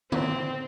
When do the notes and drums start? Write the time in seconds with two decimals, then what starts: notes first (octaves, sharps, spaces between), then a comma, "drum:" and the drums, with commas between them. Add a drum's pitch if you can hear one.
0.12 C4, drum: tom D3